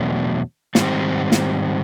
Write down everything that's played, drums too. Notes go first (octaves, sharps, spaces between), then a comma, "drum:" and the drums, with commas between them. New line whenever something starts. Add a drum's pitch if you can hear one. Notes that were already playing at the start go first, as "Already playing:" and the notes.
Already playing: E2 B2 F#3 A3 D4
G#2 D#3 G3 C4, drum: snare
drum: snare